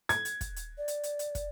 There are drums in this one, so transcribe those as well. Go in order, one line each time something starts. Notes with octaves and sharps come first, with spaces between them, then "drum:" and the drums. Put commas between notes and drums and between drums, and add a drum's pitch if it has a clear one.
G#6, drum: hi-hat
drum: hi-hat
drum: kick, hi-hat
drum: hi-hat
D5
drum: hi-hat
drum: hi-hat
drum: hi-hat
drum: kick, hi-hat